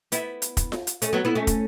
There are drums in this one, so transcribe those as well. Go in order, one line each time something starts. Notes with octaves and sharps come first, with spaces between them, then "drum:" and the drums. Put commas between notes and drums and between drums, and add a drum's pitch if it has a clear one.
B3 E4, drum: hi-hat
drum: hi-hat
drum: kick, hi-hat
drum: snare F4
drum: hi-hat
A3 C#4, drum: hi-hat
F#3 B3
B3 E4
A3 C#4
drum: kick, hi-hat